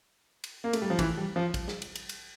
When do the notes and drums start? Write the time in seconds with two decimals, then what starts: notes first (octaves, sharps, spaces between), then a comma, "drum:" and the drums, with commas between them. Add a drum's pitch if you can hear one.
0.44 drum: cymbal
0.64 A#3
0.73 A3, drum: cymbal
0.82 G3
0.90 F3
0.99 E3, drum: kick, cymbal
1.18 G3
1.36 F3
1.54 drum: kick, cymbal
1.68 drum: snare
1.82 drum: cymbal
1.95 drum: cymbal
2.09 drum: cymbal